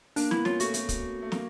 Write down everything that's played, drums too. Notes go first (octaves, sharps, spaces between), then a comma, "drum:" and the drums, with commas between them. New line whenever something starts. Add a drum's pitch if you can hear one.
A#3 D4, drum: open hi-hat
B3 E4, drum: snare
C#4 F4, drum: snare
A3 F#4, drum: hi-hat
A3, drum: hi-hat
drum: kick, hi-hat
A3
A#3, drum: snare